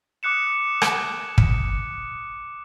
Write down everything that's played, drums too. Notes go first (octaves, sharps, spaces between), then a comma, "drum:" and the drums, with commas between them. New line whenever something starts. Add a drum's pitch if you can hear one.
D6 D#6 F#6 C#7 E7
drum: rim click
drum: kick